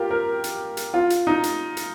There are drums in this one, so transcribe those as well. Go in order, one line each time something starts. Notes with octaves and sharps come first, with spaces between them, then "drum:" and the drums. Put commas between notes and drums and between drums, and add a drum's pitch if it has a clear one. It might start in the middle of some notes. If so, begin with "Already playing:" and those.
Already playing: F4 G4 A#4
A#4
drum: hi-hat
drum: hi-hat
F4
drum: hi-hat
D#4
drum: hi-hat
drum: hi-hat